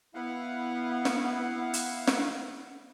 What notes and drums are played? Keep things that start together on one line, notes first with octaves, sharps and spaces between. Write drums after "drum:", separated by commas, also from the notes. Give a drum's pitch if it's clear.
B3 E4 F5 F#5
drum: snare
drum: hi-hat
drum: snare